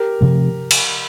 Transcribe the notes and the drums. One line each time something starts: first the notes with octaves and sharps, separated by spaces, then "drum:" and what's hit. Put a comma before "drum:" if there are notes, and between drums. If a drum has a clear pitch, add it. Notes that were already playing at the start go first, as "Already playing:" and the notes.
Already playing: G4 A#4
C3 F3 A3
drum: cymbal